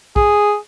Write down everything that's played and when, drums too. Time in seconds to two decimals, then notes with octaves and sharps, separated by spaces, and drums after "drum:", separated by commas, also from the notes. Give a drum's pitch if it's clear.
0.16 G#4, drum: kick